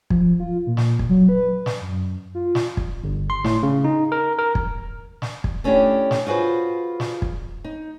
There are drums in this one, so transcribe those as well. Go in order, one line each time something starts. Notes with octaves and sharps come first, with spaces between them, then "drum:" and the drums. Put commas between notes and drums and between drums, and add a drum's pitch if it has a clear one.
F3, drum: kick
F4
A#2
drum: snare
drum: kick
F#3
B4
drum: snare
F#2
F4
drum: snare
drum: kick
G1
C6
A2, drum: snare
C#3
D#4
A#4
A#4
drum: kick
drum: snare
drum: kick
A3 C#4 D4 E4 G4
drum: snare
F4 F#4 G#4 B4 C5
drum: snare
drum: kick
D#4